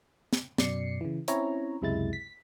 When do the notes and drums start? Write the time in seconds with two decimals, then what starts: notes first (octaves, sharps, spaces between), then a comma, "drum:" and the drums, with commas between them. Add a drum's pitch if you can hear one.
0.33 drum: snare
0.58 F#2 B2 D5 C7 C#7, drum: snare
1.01 C#3 E3
1.28 C4 C#4 E4 C#5 A#5, drum: hi-hat
1.81 C#2 F#2 C3 G#3 E4 A6
2.13 B6